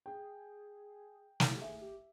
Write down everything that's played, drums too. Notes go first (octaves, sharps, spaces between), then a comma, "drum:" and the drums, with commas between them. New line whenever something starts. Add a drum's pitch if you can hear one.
G#4 G5
D#4, drum: snare
E4
G4
G#4 E5
G4